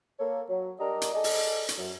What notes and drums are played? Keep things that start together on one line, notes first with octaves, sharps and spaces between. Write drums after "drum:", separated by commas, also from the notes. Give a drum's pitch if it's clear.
A#3 A4 C#5
F#3
G3 D4 G4 A#4 D#5 A#5
drum: hi-hat
G#4 A4 D5 D#5
drum: open hi-hat
drum: hi-hat
F#2